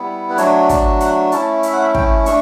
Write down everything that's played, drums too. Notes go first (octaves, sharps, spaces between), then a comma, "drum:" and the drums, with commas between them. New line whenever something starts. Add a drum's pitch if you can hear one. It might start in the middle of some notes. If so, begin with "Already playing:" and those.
Already playing: G3 B3 E4
B4
F#3 A3 D4 F#4 C#5, drum: hi-hat
D5, drum: kick, hi-hat
F#5, drum: hi-hat
A3 C#4 E4 A5, drum: hi-hat
E5, drum: hi-hat
F#5
E5
G5, drum: kick
A3 D4 C#6, drum: hi-hat